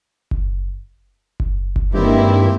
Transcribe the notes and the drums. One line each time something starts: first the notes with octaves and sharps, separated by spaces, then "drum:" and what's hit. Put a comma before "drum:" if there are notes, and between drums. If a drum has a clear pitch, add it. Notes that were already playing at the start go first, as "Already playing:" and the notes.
drum: kick F#1
drum: kick F#1
drum: kick F#1
G2 D#3 G#3 A#3 C4 E4 G4